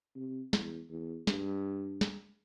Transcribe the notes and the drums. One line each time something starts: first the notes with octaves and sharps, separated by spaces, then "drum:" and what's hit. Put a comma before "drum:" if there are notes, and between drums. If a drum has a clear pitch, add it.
C3
E2, drum: snare
E2
G2, drum: snare
drum: snare